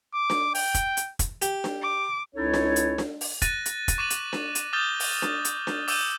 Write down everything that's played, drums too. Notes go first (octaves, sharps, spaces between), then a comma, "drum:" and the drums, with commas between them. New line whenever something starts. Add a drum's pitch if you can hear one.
D6
drum: snare D4
G5, drum: open hi-hat
drum: kick, hi-hat
drum: hi-hat
drum: kick, hi-hat
G4, drum: hi-hat
drum: snare D4
D6
C#2 C#4 D#4 E4 A4 C#5
drum: snare D4
drum: hi-hat
drum: snare D4
drum: open hi-hat
F#6 A6 A#6 D#7, drum: kick, hi-hat
drum: hi-hat
drum: kick, hi-hat
C#6 D6 A6 D#7 F#7
drum: hi-hat
drum: snare D4
drum: hi-hat
D6 D#6 F6 G6 A6 G7
drum: open hi-hat
drum: snare D4
drum: hi-hat
drum: snare D4
D6 E6 G6 D#7 E7 G7, drum: open hi-hat